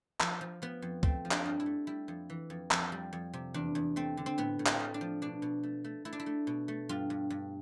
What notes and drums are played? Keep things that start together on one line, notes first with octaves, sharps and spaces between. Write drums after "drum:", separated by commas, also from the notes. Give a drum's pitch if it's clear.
F3, drum: clap
F3
F3 B3
F2
A3 C4, drum: kick C#2
F3
D4, drum: clap
G2
E4
A3
G3 E4
F2
E3
F2
F2, drum: clap
G3
F2
C3
E2 D4
E2
A3 C4
D3
C4
A2 B3
A2
C4, drum: clap
A3
D4
F3
B2 D4
B2
A3
A3
A3 E4
D4
E4
A3
B2
A3
G2 F4
G2
G2